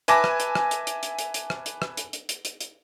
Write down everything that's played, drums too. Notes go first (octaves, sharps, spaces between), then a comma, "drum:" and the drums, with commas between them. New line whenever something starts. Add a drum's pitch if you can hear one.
B4 E5 G#5 A5 D6 A#6, drum: hi-hat
drum: rim click
drum: hi-hat
drum: rim click
drum: hi-hat
drum: hi-hat
drum: hi-hat
drum: hi-hat
drum: hi-hat
drum: rim click
drum: hi-hat
drum: rim click
drum: hi-hat
drum: hi-hat
drum: hi-hat
drum: hi-hat
drum: hi-hat